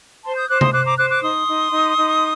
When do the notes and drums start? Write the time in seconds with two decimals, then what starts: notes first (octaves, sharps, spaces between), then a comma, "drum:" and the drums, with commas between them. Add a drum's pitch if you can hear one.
0.24 C5 A5 C6
0.36 D#6 G6
0.48 C5 D6 F#6
0.61 C6 D#6, drum: tom C3
0.73 C5 D6 F#6
0.85 A#5 D6
0.98 C5 D6 F#6
1.10 D6 F#6
1.22 D#4 C6 D#6
1.47 D#4
1.72 D#4
1.97 D#4